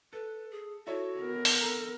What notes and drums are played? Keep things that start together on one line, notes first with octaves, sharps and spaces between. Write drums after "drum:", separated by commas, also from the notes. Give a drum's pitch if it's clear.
A4 B4
G#4
E4 F#4 A4 C#5
B3 A#4
drum: open hi-hat
A4 A#5